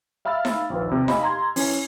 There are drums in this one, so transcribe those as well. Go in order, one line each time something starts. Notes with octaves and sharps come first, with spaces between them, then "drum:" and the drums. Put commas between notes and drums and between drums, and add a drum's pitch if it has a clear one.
E5 F5 B5 E6 F6 A6
drum: snare D#4
A#1 D#2 B4
C3
G4 D#5 F5 G#5 B5, drum: snare D#4
A#5 C6 G#6
E3 C#4, drum: open hi-hat